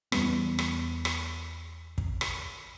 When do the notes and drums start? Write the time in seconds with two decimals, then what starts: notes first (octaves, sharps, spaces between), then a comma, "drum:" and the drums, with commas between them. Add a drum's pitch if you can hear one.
0.12 E2 G3 B3, drum: rim click
0.59 drum: rim click
1.05 drum: rim click
1.98 drum: kick
2.21 drum: rim click